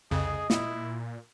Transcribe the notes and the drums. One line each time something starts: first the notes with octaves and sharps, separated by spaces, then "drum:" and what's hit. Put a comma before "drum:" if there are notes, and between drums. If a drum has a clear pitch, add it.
C2 F2 C#3 G#4 D#5
A#2 E4, drum: snare